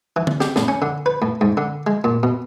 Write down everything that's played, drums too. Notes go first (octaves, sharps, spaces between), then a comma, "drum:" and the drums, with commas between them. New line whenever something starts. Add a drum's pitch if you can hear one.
E3
drum: tom
G4, drum: snare
A2, drum: snare
C#4
D3
B4
A2
G#2
D3
G#3
A#2
B2